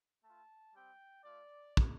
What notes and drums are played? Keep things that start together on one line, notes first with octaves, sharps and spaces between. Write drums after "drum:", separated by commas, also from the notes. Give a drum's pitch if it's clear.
A3 F4 A5
G3 C4 G4 G5
A3 F4 D5
drum: kick